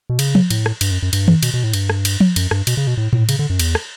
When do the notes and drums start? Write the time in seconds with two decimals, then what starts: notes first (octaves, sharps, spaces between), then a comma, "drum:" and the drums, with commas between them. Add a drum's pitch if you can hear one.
0.10 B2
0.19 C#3, drum: cymbal
0.35 drum: tom F3
0.50 A2, drum: cymbal
0.66 drum: rim click
0.81 G2, drum: cymbal
0.91 F#2
1.02 F#2
1.13 G2, drum: cymbal
1.28 drum: tom D#3
1.43 B2, drum: cymbal
1.54 B2
1.64 A2
1.73 G2, drum: cymbal
1.90 drum: rim click
2.05 drum: cymbal
2.20 drum: tom F3
2.36 F#2, drum: cymbal
2.51 G2, drum: rim click
2.67 B2, drum: cymbal
2.77 C#3
2.87 B2
2.97 A2
3.13 A2, drum: tom A2
3.29 C#3, drum: cymbal
3.39 D3
3.50 F#2
3.59 E2, drum: cymbal
3.75 drum: rim click